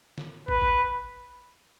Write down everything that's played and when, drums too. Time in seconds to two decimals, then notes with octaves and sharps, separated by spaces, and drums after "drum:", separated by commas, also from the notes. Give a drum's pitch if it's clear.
0.18 drum: snare
0.48 B4, drum: kick
0.62 drum: kick